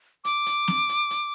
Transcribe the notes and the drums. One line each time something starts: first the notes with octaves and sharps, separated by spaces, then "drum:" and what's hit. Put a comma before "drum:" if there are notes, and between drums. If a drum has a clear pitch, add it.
D6, drum: hi-hat
drum: hi-hat
drum: snare
drum: hi-hat
drum: hi-hat